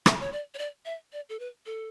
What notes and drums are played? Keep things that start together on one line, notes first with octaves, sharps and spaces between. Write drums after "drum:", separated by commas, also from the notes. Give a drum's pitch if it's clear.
E5, drum: rim click
C#5
D5
C#5
D5
E5
D5
A4
B4
A4